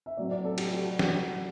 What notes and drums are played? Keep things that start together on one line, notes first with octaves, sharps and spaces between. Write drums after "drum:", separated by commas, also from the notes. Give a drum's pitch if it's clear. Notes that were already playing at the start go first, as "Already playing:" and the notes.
E5
A2 F#3 C4 D5
D5
A4
G4, drum: cymbal
F#4
F#4, drum: snare